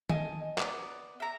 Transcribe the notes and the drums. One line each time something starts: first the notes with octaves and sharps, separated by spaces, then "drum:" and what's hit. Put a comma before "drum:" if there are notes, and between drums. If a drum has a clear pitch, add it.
D#5 G#5 A5, drum: tom
B3 D5, drum: clap
E5 A#5